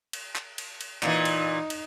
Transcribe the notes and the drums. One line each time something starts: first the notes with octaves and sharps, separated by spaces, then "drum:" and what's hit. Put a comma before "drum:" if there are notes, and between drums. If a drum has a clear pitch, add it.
drum: cymbal
drum: clap
drum: cymbal
drum: cymbal
A#2 E3 D#4, drum: clap
drum: cymbal
drum: cymbal